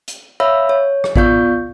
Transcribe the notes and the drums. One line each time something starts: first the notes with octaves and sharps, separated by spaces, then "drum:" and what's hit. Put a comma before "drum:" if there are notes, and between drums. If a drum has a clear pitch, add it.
drum: hi-hat
C#5 E5 F5 B5 E6 A#6
C#5
drum: rim click
B3 F4 D5 F5 C#6 G6, drum: kick A1